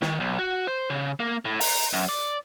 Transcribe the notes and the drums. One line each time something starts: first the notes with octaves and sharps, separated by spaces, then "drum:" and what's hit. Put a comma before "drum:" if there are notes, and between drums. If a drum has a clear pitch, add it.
D#3, drum: snare
B1
F#4
C5
C#3
A#3
A2
A#5, drum: open hi-hat
F#2
D5